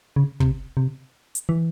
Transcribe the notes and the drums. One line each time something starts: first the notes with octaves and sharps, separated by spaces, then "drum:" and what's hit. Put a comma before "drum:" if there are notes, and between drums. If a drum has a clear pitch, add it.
C#3
C3, drum: kick
C3
drum: hi-hat
E3